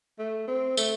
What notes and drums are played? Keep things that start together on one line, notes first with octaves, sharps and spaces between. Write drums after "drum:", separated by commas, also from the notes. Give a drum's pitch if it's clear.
A3
C4
A3, drum: tambourine